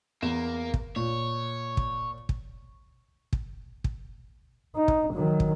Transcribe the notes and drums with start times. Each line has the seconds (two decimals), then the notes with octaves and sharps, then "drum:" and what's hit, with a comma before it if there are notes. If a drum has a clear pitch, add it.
0.22 E2 A#3 E7
0.74 drum: kick
0.96 A#2 C#5
1.77 drum: kick
2.29 drum: kick
3.33 drum: kick
3.84 drum: kick
4.76 D#4
4.88 drum: kick
5.14 D#3 F#3
5.40 drum: kick